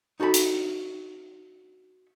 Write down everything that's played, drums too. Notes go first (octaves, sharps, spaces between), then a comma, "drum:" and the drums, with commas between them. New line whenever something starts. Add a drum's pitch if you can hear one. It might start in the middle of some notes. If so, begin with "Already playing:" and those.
D#4 F#4 A4 A5 B5
drum: hi-hat